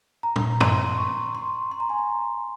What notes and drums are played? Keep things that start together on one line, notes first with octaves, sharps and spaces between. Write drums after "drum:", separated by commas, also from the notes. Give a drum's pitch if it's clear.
A#5
drum: tom
C6, drum: tom
C#6
C6
C6
A#5
G#5
A#5